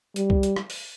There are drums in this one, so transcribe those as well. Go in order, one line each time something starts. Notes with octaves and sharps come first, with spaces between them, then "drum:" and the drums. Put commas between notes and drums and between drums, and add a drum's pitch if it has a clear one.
G3, drum: hi-hat
drum: kick C2
drum: hi-hat
drum: rim click
drum: open hi-hat